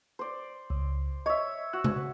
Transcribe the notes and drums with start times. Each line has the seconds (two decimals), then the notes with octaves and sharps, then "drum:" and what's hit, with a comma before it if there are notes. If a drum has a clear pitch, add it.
0.19 C5 D5
0.70 C#2
1.26 C#5 D#5 E5
1.73 F#4 E6 F#6
1.84 drum: tom C3